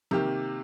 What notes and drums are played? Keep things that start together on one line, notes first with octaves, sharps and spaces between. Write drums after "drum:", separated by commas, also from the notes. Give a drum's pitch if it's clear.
C3 D#3 A#3 G4, drum: tom F3